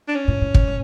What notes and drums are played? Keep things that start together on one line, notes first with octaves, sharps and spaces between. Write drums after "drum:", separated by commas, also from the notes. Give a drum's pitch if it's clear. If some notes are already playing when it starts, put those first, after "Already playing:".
D4
C#4
A2
A2
drum: kick
A2